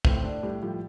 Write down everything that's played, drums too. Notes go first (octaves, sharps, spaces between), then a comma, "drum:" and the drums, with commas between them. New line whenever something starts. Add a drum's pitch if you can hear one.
A2 C4, drum: kick
A2 D4
A2 G3 G4
F3 G3 G4